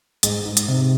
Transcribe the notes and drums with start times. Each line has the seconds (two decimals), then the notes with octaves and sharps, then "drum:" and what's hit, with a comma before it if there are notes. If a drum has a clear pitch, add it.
0.23 G#2, drum: hi-hat
0.45 G#2
0.57 drum: hi-hat
0.68 C3